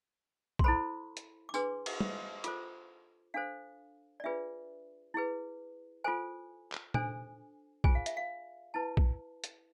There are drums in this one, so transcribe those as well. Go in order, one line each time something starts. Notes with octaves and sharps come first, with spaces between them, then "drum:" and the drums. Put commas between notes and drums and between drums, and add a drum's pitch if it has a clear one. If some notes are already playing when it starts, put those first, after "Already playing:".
C6, drum: kick
E4 A4 C5 B5
drum: hi-hat
D6
D4 G#4 B4 C6, drum: tambourine
drum: cymbal
drum: tom
F4 A4 C5 D6, drum: hi-hat
D4 A4 C5 F5
D5
D4 F4 G#4 B4 E5
E4 G#4 B4
F4 A4 C5 G#5
drum: clap
D4 A4 C5 G#5, drum: tom A#2
F4 G#4 C5 G#5, drum: kick
F5
E5, drum: hi-hat
F5
E4 B4 A5
drum: kick
drum: hi-hat